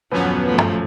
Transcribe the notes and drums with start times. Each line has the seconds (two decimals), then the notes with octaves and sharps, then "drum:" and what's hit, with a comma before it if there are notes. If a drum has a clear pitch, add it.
0.12 D#1 F#2 F3 F#3 B3 C#4
0.45 F3 A3
0.58 drum: tom